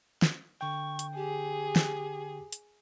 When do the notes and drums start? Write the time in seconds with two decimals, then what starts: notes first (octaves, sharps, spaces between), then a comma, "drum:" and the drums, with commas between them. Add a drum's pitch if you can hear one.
0.22 drum: snare
0.61 D3 G5 C#6
0.99 drum: hi-hat
1.16 G4 G#4
1.76 drum: snare
2.53 drum: hi-hat